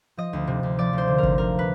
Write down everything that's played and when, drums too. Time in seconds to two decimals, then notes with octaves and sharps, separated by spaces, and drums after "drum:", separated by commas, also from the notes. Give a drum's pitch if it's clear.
0.17 F3 D#5
0.33 D2
0.47 C3
0.63 D2
0.79 F3 D5
0.93 D2 C5
1.08 D3
1.18 A#4
1.23 D2, drum: kick G#1
1.38 F3 A#4
1.59 B4